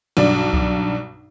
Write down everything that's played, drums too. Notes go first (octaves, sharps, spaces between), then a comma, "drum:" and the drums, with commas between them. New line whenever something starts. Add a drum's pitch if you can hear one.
B1 G2 D4 D5
drum: kick C2